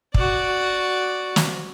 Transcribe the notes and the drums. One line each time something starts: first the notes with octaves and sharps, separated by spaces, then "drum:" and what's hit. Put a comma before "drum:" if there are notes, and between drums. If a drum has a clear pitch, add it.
F#4 D5, drum: kick
drum: snare